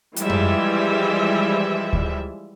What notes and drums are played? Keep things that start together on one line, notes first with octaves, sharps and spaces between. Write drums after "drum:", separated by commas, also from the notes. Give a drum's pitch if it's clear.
E3 F3 G3 G#3 E5, drum: hi-hat
drum: tom F#2
drum: kick D2